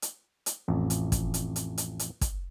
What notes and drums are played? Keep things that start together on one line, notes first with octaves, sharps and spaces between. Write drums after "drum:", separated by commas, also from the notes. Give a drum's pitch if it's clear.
drum: hi-hat
drum: hi-hat
A1 F2
drum: hi-hat
drum: kick, hi-hat
drum: hi-hat
drum: hi-hat
drum: hi-hat
drum: hi-hat
drum: kick, hi-hat